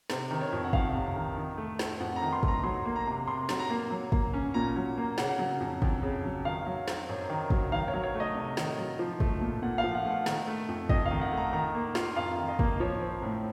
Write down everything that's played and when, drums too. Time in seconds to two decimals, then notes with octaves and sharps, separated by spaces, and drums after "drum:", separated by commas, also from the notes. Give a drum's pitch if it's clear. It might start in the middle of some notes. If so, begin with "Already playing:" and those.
0.10 C3 C5, drum: snare
0.31 D#3
0.41 C#5
0.53 F2
0.64 F#5
0.73 F2 F5, drum: kick
0.95 C3
1.16 D#3
1.37 D#3
1.58 A3
1.79 C4, drum: snare
2.00 F2 F#5
2.16 A#5
2.22 D#3
2.33 C6
2.43 A3, drum: kick
2.48 A#5
2.63 F#3 C6
2.85 A#3
2.96 A#5
3.07 C3
3.28 C3 C6
3.49 F#3, drum: snare
3.59 A#5
3.70 A#3
3.91 F#3
4.12 A#3, drum: kick
4.34 C#4
4.54 A#2 A#5
4.76 F#3
4.97 A#3
5.18 C#3 F#5, drum: snare
5.39 F#3
5.60 F2
5.82 F2, drum: kick
6.03 C#3
6.24 F#3
6.45 D#3 F5
6.66 F#3
6.88 C4, drum: snare
7.09 F#2
7.29 D#3
7.50 F#3, drum: kick
7.72 D#3 F5
7.88 C#5
7.93 F#3
8.03 C#5
8.15 A3
8.20 D#5
8.35 C3
8.57 D#3, drum: snare
8.78 F#3
8.99 F3
9.20 A3, drum: kick
9.41 A#2
9.62 A#2 F#5
9.78 F5
9.84 F3
9.95 F#5
10.05 A3
10.11 F#5
10.26 D#3, drum: snare
10.47 A3
10.69 F2
10.89 F2 D#5, drum: kick
11.06 F5
11.11 D#3
11.21 F#5
11.32 A3 A#5
11.53 D#3 A#5
11.75 A#3
11.95 F4, drum: snare
12.16 F2 F5
12.38 D#3
12.49 D#5
12.59 A#3, drum: kick
12.80 F3 C#5
13.01 C4
13.22 A2